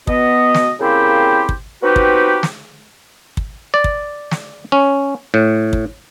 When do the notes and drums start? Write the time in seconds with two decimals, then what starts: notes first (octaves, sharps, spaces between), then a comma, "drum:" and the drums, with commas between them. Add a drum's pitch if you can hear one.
0.07 B2 B3 D#5, drum: kick
0.54 drum: snare
0.80 C#3 A#3 C4 E4 G4 C5
1.49 drum: kick
1.83 B3 C4 D#4 F#4 G4 B4
1.96 drum: kick
2.43 drum: snare
3.37 drum: kick
3.74 D5
3.84 drum: kick
4.31 drum: snare
4.72 C#4
5.34 A2
5.73 drum: kick